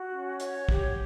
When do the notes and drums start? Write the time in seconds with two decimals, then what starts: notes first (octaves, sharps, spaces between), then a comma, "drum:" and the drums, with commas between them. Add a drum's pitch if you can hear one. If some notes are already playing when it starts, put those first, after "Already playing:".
Already playing: F#4
0.12 C#4
0.40 C#5, drum: hi-hat
0.69 G4, drum: kick